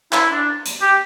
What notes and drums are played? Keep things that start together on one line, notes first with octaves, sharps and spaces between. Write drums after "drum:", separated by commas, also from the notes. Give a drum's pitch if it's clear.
E4, drum: clap
D4
drum: hi-hat
G4